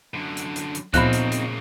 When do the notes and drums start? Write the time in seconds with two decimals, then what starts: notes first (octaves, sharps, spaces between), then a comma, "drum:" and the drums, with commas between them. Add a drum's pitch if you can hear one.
0.14 F#2 D3
0.37 drum: hi-hat
0.56 drum: hi-hat
0.75 drum: hi-hat
0.94 E2 A#2 C#3 F3 A#3 C4 D#4 F#6, drum: kick C#2, hi-hat
1.13 drum: hi-hat
1.32 drum: hi-hat